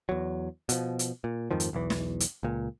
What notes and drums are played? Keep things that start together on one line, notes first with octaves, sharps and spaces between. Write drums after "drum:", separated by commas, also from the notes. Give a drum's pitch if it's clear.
E2 F#3
B2 F3, drum: hi-hat
drum: hi-hat
A#2
F2 G#2 D#3 F3
drum: hi-hat
B1 E2 E3
drum: snare
drum: hi-hat
C#2 A#2